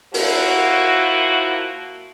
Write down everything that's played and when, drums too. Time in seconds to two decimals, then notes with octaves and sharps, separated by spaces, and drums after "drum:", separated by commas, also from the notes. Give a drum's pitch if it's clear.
0.14 F3 A#3 E4 F#4, drum: open hi-hat